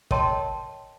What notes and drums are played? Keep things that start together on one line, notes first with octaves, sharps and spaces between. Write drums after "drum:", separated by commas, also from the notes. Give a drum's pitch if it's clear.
A#4 C#5 D#5 G5 A5 C6, drum: kick